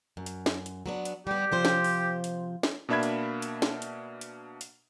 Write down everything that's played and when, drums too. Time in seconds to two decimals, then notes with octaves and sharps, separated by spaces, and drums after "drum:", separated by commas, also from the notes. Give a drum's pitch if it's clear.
0.17 F#2
0.26 drum: hi-hat
0.46 drum: snare
0.66 drum: hi-hat
0.86 F#3 B3 D4
1.05 drum: hi-hat
1.27 G3 B3 G4
1.52 C3 F3 C5
1.65 drum: snare
1.84 drum: open hi-hat
2.24 drum: hi-hat
2.63 drum: snare
2.89 B2 A#3 D4 E5 B5 G#6
3.03 drum: hi-hat
3.42 drum: hi-hat
3.62 drum: snare
3.82 drum: hi-hat
4.21 drum: hi-hat
4.61 drum: hi-hat